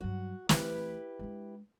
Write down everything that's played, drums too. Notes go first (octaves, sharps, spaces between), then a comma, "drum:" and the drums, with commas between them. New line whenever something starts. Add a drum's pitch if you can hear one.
G2 F#3 F#4
E3 A3 E4 G4 B4, drum: snare
G#3 D4